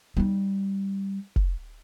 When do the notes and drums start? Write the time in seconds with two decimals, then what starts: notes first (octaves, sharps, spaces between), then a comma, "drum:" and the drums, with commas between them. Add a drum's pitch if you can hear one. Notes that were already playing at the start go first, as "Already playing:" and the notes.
0.17 G3 D#4
1.36 drum: kick